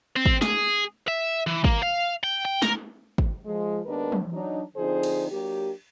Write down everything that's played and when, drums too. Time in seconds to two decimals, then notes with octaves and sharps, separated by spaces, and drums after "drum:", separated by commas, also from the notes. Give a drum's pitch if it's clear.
0.16 C4
0.26 drum: kick
0.42 G#4, drum: snare
1.08 E5
1.47 E3
1.64 A#3, drum: kick
1.83 F5
2.24 G5
2.45 G5
2.62 A#4, drum: snare
3.18 drum: kick
3.45 F3 G#3
3.86 D#2 G#3 B3 D4 A#4 B4
4.12 drum: tom
4.33 F#3 D4 D#4
4.76 D3 F3 C4 D#4 G#4 C5
5.03 drum: cymbal
5.31 F#3 A#3 D4 G4